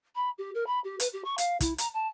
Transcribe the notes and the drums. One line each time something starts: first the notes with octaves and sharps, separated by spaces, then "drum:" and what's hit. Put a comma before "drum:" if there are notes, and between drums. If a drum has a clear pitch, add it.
B5
G4
A#4
B5
G4
B4, drum: hi-hat
G4
C#6
F5, drum: hi-hat
E4, drum: kick, hi-hat
A#5, drum: hi-hat
A5